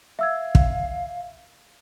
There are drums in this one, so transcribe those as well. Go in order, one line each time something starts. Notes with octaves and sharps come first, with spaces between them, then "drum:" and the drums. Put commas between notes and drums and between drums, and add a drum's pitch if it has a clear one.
E5 F5 E6 G#6
drum: kick